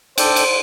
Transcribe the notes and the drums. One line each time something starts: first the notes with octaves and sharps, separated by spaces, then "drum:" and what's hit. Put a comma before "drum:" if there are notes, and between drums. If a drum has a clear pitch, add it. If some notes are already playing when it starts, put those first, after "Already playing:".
D4 A4 C5 D5 G5, drum: cymbal
drum: cymbal